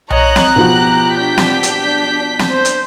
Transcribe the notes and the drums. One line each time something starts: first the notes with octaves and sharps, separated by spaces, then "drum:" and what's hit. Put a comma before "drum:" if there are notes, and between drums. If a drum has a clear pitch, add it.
C#5 D#5 A#5 F#6, drum: tom B1
drum: snare
B2 F3 F#4 G4
D4 G6 B6
drum: snare
drum: hi-hat
drum: snare
C5
drum: hi-hat